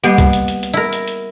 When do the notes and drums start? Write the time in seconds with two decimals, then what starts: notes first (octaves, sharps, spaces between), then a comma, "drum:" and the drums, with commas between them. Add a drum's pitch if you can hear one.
0.04 G3 A#3 B3 G4, drum: hi-hat
0.18 drum: kick, hi-hat
0.33 drum: hi-hat
0.48 drum: hi-hat
0.63 drum: hi-hat
0.73 E4 A#4
0.93 drum: hi-hat
1.07 drum: hi-hat